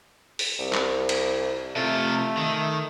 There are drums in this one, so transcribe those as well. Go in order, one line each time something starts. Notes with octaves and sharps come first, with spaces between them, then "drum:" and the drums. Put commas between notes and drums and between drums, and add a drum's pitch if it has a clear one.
drum: open hi-hat
C2
drum: clap
drum: cymbal
C3 A3 F4
D#3